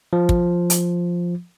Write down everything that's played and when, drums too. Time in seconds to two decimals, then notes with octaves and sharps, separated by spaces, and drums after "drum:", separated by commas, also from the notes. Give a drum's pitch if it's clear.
0.13 F3
0.29 drum: kick
0.70 drum: hi-hat